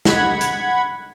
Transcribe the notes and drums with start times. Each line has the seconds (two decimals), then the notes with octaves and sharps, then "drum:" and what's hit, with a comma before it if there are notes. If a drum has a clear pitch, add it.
0.05 F#5 B5 G#6, drum: snare
0.41 drum: hi-hat